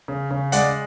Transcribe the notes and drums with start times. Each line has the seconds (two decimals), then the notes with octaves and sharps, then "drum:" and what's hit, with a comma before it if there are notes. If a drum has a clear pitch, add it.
0.08 C#3
0.31 C#3
0.52 G#3 D5 F#5, drum: hi-hat